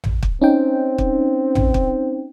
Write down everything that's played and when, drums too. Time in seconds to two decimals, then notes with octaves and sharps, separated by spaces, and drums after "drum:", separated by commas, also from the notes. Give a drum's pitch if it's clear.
0.04 drum: tom A1
0.23 drum: kick
0.42 C4 C#4 D#4 G5
0.98 drum: kick
1.55 drum: tom A1
1.74 drum: kick